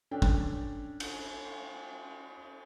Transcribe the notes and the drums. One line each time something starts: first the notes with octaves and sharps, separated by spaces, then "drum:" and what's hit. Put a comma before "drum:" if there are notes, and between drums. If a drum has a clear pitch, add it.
C#4 D4 A4 G5
drum: kick
drum: cymbal